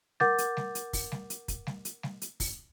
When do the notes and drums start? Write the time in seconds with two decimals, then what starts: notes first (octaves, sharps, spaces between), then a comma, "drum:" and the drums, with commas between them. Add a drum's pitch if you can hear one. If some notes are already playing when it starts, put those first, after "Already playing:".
0.20 A#4 F#5 D6 G6 A6, drum: snare G3
0.38 drum: hi-hat
0.57 drum: snare G3
0.75 drum: hi-hat
0.93 drum: kick, open hi-hat
1.12 drum: snare G3
1.30 drum: hi-hat
1.48 drum: kick, hi-hat
1.67 drum: snare G3
1.85 drum: hi-hat
2.03 drum: snare G3
2.22 drum: hi-hat
2.40 drum: kick, open hi-hat